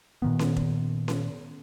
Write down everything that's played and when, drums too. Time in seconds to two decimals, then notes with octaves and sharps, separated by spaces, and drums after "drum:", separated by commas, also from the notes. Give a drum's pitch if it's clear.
0.22 A#2 D#3 B3
0.39 drum: snare C#4
0.56 drum: kick F1
1.08 drum: snare C#4